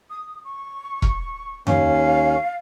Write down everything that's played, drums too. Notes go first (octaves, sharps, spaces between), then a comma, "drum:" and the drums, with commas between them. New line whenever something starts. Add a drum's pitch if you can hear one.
D#6
C#6
drum: kick E1
D#2 C#4 F5, drum: tom F2